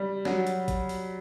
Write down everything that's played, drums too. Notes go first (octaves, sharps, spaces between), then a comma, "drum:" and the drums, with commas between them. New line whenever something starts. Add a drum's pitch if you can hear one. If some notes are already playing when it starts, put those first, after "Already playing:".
Already playing: G3
F#3, drum: snare
drum: hi-hat
drum: kick G1, hi-hat
drum: open hi-hat